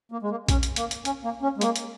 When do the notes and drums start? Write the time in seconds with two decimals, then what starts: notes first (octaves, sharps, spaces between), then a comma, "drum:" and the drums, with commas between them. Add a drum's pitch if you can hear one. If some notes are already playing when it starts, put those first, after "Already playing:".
0.12 A#3
0.22 G#3
0.30 A#3
0.49 C#4, drum: kick A#1, hi-hat
0.63 drum: hi-hat
0.76 A#3, drum: hi-hat
0.91 drum: hi-hat
1.05 C#4, drum: hi-hat
1.24 A#3
1.42 C#4
1.58 G#3
1.61 A#3, drum: hi-hat
1.76 drum: hi-hat